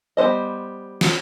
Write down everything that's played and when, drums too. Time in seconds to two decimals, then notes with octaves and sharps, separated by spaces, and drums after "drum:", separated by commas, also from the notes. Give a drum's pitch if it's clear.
0.17 G3 B3 C5 D#5
1.01 drum: snare